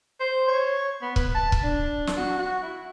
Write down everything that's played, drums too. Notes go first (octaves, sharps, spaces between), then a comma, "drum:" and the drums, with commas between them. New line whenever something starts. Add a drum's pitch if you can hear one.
C5
C#5
B3
B4, drum: kick
A5
drum: kick
D4
drum: snare
F#4
F#4
E4